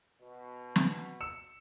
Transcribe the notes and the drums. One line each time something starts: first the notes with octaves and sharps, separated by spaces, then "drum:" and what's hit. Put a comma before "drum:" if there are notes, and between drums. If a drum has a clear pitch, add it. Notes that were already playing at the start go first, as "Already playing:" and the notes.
B2
drum: snare
E6 C#7 E7